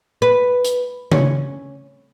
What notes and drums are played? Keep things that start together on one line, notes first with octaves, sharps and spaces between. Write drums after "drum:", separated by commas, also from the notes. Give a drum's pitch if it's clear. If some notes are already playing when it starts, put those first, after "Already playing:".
B4
drum: hi-hat
C#4, drum: tom C#3